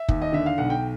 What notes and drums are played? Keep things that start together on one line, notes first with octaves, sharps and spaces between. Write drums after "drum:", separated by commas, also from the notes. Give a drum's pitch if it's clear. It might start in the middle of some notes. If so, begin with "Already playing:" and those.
Already playing: E5
D#2, drum: kick
D#5
D3 E5
F5
B1 F#5
G5